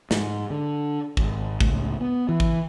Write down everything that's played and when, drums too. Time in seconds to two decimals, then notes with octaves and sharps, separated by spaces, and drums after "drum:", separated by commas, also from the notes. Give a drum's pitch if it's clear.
0.11 G#2, drum: snare
0.50 D3
1.17 D1 G#1, drum: kick
1.61 C#2 A2, drum: kick
2.01 B3
2.29 E3
2.40 drum: kick